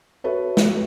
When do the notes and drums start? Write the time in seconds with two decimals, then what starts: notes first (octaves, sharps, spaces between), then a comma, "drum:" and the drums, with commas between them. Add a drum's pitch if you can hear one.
0.24 F#4 A4 B4 C#5 E5
0.57 drum: snare